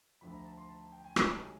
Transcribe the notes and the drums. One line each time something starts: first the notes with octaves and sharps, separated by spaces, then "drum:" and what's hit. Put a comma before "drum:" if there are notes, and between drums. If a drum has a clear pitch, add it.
D2 D3 F3 B5
A#5
A5
C6
A5
A5
G5
G#5
C#2 C3 D#3 F#3 A3 A#5, drum: rim click
A5
G#5